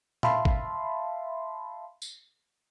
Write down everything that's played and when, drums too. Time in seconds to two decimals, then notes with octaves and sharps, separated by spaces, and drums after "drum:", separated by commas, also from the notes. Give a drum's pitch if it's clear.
0.23 E5 F5 A5 B5 C6, drum: tom A#2
0.45 drum: kick G#1
2.02 drum: tambourine